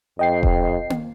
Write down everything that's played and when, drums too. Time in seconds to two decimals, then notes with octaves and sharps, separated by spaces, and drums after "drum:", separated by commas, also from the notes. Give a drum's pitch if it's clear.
0.19 F2 D#5 G5 C7
0.43 drum: kick E1
0.90 drum: tom A#3